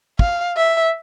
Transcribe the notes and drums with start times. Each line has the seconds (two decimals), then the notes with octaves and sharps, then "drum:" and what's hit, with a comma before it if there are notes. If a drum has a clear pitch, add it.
0.19 F5, drum: kick
0.56 E5